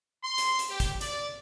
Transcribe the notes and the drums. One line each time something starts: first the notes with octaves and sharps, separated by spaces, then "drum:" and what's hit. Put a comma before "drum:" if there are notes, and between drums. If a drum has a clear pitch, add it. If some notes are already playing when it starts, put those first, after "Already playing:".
C6
drum: hi-hat
drum: hi-hat
G4
drum: kick, hi-hat
D5, drum: hi-hat